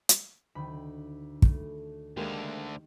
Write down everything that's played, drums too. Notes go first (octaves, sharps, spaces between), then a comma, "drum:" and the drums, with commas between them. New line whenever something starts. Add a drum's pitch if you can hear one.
drum: hi-hat
D2 D#3 B5
A3, drum: kick
D2 D3 D#3 G#3 A#3 G4